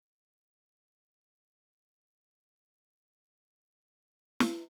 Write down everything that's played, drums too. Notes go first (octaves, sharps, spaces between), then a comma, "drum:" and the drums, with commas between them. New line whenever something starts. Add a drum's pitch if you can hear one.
F4 A#4 B4 B5
D3 F3 F#3 D5 F5 A#5
C4 C#4 D#4 G5
drum: snare